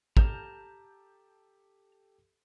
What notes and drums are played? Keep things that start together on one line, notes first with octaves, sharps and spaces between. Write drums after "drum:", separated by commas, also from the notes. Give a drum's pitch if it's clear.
G4 A4 A5 A#5 F6 G6, drum: kick